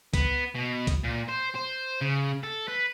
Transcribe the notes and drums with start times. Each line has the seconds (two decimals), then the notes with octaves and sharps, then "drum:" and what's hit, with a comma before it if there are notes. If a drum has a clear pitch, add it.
0.14 B3, drum: kick C#2, hi-hat
0.55 B2
0.87 drum: kick C#2, hi-hat
1.04 A#2
1.28 C5
1.55 C5
2.01 C#3
2.44 A4
2.68 B4